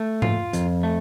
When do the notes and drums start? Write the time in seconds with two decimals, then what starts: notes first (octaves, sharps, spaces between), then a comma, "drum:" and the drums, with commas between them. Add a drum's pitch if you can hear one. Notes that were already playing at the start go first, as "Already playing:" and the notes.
Already playing: A3
0.22 F4, drum: tom G#2
0.53 F2, drum: hi-hat
0.83 A3